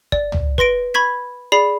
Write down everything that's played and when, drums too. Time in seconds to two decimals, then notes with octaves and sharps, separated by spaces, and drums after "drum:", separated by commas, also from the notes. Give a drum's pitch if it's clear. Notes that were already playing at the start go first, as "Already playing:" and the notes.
0.12 D5, drum: kick
0.32 drum: tom
0.58 B4 C6 A#6 D7, drum: kick
0.94 B5 C#6 G#6 B6
1.52 G#4 D5 B5 C7